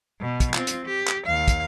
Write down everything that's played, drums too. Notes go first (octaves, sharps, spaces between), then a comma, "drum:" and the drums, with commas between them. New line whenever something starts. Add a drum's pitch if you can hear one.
B2
drum: kick, hi-hat
C4 F4, drum: clap
drum: hi-hat
G4
drum: clap
D#2 F5
drum: kick, hi-hat